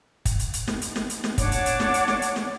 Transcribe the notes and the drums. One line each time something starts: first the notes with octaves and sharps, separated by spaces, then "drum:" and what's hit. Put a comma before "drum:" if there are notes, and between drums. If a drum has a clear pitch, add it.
drum: kick, hi-hat
drum: hi-hat
drum: hi-hat
drum: snare
drum: hi-hat
drum: snare
drum: hi-hat
drum: snare
D4 C#5 F#5 D6, drum: kick, hi-hat
drum: hi-hat
drum: hi-hat
drum: snare
drum: hi-hat
drum: snare
drum: hi-hat
drum: snare